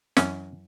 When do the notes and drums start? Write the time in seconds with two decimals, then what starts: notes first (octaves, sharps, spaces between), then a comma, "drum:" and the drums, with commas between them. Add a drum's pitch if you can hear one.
0.17 F#2 E3 C#4, drum: snare